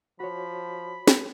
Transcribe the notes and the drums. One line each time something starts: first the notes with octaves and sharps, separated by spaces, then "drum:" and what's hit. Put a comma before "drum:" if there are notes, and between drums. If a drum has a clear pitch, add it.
F3 F#4 C#5 B5
drum: snare